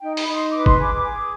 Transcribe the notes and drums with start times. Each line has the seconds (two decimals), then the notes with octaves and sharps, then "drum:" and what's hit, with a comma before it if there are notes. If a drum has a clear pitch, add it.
0.01 D#4 G5
0.17 B5, drum: open hi-hat
0.27 D#4
0.34 C6
0.51 B4 D6
0.66 C6, drum: kick G1
0.78 G#4 D6
1.02 G#4